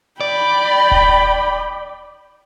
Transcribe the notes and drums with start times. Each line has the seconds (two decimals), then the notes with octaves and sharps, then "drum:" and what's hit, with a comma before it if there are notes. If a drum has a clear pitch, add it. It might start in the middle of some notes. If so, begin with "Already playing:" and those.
0.21 D5 G5 B5
0.91 drum: kick D#1